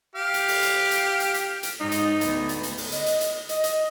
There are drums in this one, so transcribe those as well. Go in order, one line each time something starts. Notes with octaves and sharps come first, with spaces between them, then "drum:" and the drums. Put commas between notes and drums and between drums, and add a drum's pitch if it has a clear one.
G4 F5
drum: hi-hat
drum: open hi-hat
drum: hi-hat
drum: hi-hat
drum: hi-hat
drum: hi-hat
drum: hi-hat
G#2 D#4
drum: hi-hat
D2 B3, drum: hi-hat
drum: hi-hat
drum: hi-hat
drum: open hi-hat
D#5, drum: hi-hat
drum: hi-hat
drum: hi-hat
D#5, drum: hi-hat
drum: hi-hat